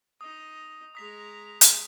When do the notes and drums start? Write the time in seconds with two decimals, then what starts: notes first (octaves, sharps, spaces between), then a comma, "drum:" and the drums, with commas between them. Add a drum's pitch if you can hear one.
0.21 D#4 D#5 D#6
0.95 G#3 A#5 D#6 B6 F7
1.61 drum: hi-hat